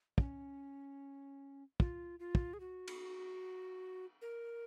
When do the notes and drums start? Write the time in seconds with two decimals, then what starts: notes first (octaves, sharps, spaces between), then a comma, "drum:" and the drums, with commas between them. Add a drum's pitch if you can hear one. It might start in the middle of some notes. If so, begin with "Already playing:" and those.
0.18 C#4, drum: kick
1.80 F4, drum: kick
2.20 F4
2.35 drum: kick
2.54 G#4
2.60 F#4
2.88 drum: cymbal
4.22 A#4